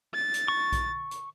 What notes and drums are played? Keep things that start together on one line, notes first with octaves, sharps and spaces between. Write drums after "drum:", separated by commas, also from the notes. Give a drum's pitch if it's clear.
A6
drum: hi-hat
C#6
drum: kick A#1, hi-hat
drum: hi-hat